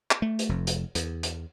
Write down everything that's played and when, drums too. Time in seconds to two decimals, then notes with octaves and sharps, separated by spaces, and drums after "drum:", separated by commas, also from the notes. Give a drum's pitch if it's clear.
0.11 drum: clap
0.22 A3
0.39 drum: hi-hat
0.49 F1 F2
0.67 drum: hi-hat
0.95 E2, drum: hi-hat
1.23 drum: hi-hat